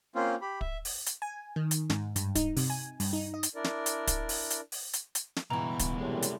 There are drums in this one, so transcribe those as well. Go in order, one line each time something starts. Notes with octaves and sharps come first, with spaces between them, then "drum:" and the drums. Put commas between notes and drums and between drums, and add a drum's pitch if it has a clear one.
A#3 C4 C#4 F4
G4 B5
E5, drum: kick
drum: open hi-hat
drum: hi-hat
G#5
D#3
drum: hi-hat
G#2, drum: snare
G2, drum: hi-hat
D#4, drum: kick, hi-hat
C3, drum: open hi-hat
G#5
G2, drum: open hi-hat
D#4
D#5
drum: hi-hat
D4 E4 A#4 D5
drum: snare
drum: hi-hat
drum: kick, hi-hat
drum: open hi-hat
drum: hi-hat
drum: open hi-hat
drum: hi-hat
drum: hi-hat
drum: snare
C#2 G2 B2 E3 A#5
drum: kick, hi-hat
F#2 A2 C3 G3 G#3
drum: hi-hat